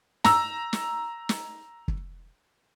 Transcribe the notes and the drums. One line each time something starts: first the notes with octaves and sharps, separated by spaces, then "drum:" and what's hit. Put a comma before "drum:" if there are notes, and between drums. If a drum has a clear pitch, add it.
A#5 E6, drum: snare
drum: snare
drum: snare
drum: kick